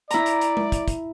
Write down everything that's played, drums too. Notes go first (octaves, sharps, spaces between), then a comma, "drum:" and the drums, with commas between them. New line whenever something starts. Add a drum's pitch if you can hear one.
E4 D5 A#5, drum: hi-hat
drum: hi-hat
drum: hi-hat
drum: tom G#3
drum: kick, hi-hat
drum: kick, hi-hat